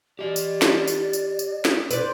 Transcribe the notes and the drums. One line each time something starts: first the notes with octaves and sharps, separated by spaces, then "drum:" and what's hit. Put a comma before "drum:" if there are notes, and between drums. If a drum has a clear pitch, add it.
G4 D5 D#5
drum: tambourine
drum: snare
drum: tambourine
drum: tambourine
drum: tambourine
drum: snare
B4 C5 D5, drum: tambourine